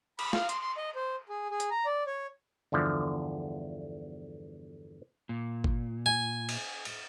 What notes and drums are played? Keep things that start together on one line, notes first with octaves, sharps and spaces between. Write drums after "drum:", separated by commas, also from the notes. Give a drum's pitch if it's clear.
B5, drum: cymbal
F5, drum: snare
C6, drum: hi-hat
C6
D#5
C5
G#4
G#4
drum: hi-hat
A#5
D5
C#5
G1 E2 D3 F3
A#2
drum: kick G#1
G#5
drum: cymbal
drum: cymbal